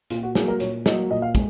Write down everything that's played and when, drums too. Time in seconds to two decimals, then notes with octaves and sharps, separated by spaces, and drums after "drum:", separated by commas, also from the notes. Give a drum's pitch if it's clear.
0.10 A#2 F4, drum: hi-hat
0.23 F#4
0.35 F#3 A#3 G#4, drum: snare
0.48 A#4
0.60 A#2 C#5, drum: hi-hat
0.86 F#3 A#3 D#5, drum: snare
1.11 A#2 D#5
1.22 F5
1.35 G#3, drum: kick, hi-hat